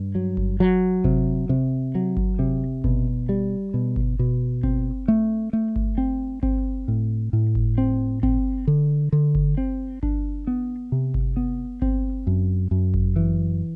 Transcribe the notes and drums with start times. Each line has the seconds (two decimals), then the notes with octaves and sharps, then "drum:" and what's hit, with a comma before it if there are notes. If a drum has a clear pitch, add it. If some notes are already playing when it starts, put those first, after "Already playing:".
Already playing: G2
0.15 F#3
0.37 drum: kick G1
0.60 F#3
1.04 C3, drum: kick G1
1.49 C3
1.95 F#3
2.17 drum: kick G1
2.39 C3
2.84 B2, drum: kick G1
3.29 G3
3.74 B2
3.96 drum: kick G1
4.19 B2
4.63 C4, drum: kick G1
5.08 A3
5.53 A3
5.76 drum: kick G1
5.98 C4
6.43 C4, drum: kick G1
6.88 A2
7.33 A2
7.55 drum: kick G1
7.78 C4
8.23 C4, drum: kick G1
8.67 D3
9.12 D3
9.35 drum: kick G1
9.57 C4
10.03 D4, drum: kick G1
10.47 B3
10.92 C3
11.14 drum: kick G1
11.37 B3
11.82 C4, drum: kick G1
12.27 F#2
12.71 F#2
12.94 drum: kick G1
13.16 E3